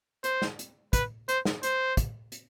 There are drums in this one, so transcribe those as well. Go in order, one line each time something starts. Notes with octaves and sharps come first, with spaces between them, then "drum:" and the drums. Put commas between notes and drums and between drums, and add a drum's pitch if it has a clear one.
C5, drum: hi-hat
drum: snare
drum: hi-hat
B4, drum: kick, hi-hat
C5, drum: hi-hat
drum: snare
C5, drum: hi-hat
drum: kick, hi-hat
drum: hi-hat